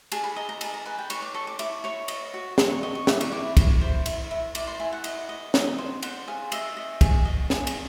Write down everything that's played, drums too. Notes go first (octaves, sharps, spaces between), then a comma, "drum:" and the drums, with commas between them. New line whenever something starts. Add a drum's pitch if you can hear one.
G#4 A5, drum: cymbal
B5
D#5 A#5
A#5
G#4 A5, drum: cymbal
A#5
B4 G#5
G5
C#5 C#6, drum: cymbal
D6
A4 C#6
D6
E4 D6, drum: cymbal
C#5 C#6
D#5, drum: cymbal
F#4
F#4 C6, drum: snare
C#6
D#5 C#6
C#6
E4 D6, drum: snare
C#6, drum: cymbal
E4 D6
E4, drum: kick, cymbal
C5
E4, drum: cymbal
E4
E4 D6, drum: cymbal
C6
E4 G#5
F#5
D#5, drum: cymbal
D#5
D#5, drum: snare
C5
C5 F#5, drum: cymbal
G#4 F5
D#5 E5, drum: cymbal
D#5
G#4, drum: kick, cymbal
D#5
G#4, drum: snare
drum: cymbal